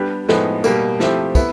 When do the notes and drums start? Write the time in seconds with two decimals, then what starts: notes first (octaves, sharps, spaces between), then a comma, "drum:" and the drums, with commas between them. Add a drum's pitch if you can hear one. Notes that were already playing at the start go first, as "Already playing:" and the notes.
Already playing: G3 B3 D4 G4
0.28 A2 F3 G#3 B3 D#4, drum: snare
0.64 B2 G3 A#3, drum: tambourine
1.00 F3 A3 C4 E4 G4, drum: snare
1.35 B3 E4, drum: kick, tambourine